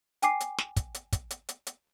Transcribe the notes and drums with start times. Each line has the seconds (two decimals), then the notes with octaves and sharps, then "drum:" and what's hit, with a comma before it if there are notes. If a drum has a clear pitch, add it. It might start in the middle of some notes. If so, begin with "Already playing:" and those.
0.22 G5 G#5 D6 C7, drum: hi-hat
0.40 drum: hi-hat
0.58 drum: snare
0.76 drum: kick, hi-hat
0.94 drum: hi-hat
1.12 drum: kick, hi-hat
1.30 drum: hi-hat
1.49 drum: hi-hat
1.67 drum: hi-hat